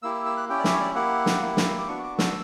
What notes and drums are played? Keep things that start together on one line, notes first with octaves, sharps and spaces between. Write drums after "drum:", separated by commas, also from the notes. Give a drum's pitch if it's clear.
A#3 E4 G4 E6
E6
E6
F#6
C#4 E4 G4 G5
D5
E5, drum: snare
C#5
D5
A#3 E4 G4 F#5
drum: snare
A#3 E4 G4
drum: snare
D6
B3 D4 F#4 C#6
D6
E6, drum: snare